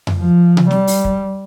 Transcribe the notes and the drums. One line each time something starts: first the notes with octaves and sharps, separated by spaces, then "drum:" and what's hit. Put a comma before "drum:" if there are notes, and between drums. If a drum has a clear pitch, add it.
drum: tom F2
F3
drum: tom C3
G3, drum: snare
drum: open hi-hat
drum: kick